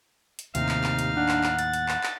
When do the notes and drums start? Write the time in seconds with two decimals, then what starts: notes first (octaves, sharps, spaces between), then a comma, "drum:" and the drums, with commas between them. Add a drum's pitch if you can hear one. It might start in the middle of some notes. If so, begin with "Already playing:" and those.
0.39 drum: hi-hat
0.55 D#2 A2 C3 D#4 F5, drum: hi-hat
0.69 drum: clap
0.84 drum: clap
0.99 drum: hi-hat
1.17 D4 F#5
1.29 drum: clap
1.44 drum: clap
1.59 A6, drum: hi-hat
1.74 drum: hi-hat
1.88 drum: clap
2.03 drum: clap